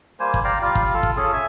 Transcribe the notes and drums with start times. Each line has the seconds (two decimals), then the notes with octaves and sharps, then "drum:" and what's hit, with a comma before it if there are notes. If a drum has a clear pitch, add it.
0.20 G3 A#3 C5 G#5
0.34 drum: kick
0.44 D5 F5 G5 A#5
0.62 G3 F4 F5
0.75 drum: kick
0.94 F4 A4
1.03 drum: kick
1.17 C#4 G#4 A4
1.33 E5 G#5